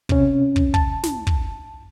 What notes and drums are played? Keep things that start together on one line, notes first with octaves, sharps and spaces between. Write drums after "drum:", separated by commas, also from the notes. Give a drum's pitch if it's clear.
C3 C#4, drum: kick
drum: kick
A5, drum: kick
drum: snare
drum: kick